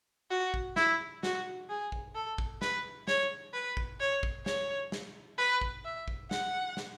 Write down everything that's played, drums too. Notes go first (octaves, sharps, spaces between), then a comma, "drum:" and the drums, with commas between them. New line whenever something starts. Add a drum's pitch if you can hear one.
F#4
drum: kick
E4, drum: snare
F#4, drum: snare
G#4
drum: kick
A4
drum: kick
B4, drum: snare
C#5, drum: snare
B4
drum: kick
C#5
drum: kick
C#5, drum: snare
drum: snare
B4
drum: kick
E5
drum: kick
F#5, drum: snare
drum: snare